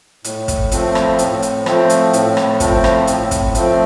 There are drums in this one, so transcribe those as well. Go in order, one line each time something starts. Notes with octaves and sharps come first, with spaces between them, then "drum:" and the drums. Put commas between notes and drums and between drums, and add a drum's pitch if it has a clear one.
A2, drum: hi-hat
drum: kick, hi-hat
F3 A3 C4, drum: hi-hat
drum: rim click
A2, drum: hi-hat
drum: hi-hat
F3 A3 C4, drum: rim click
drum: hi-hat
A2, drum: hi-hat
drum: rim click
F3 A3 C4, drum: kick, hi-hat
drum: rim click
A2, drum: hi-hat
drum: kick, hi-hat
F3 A3 C4, drum: hi-hat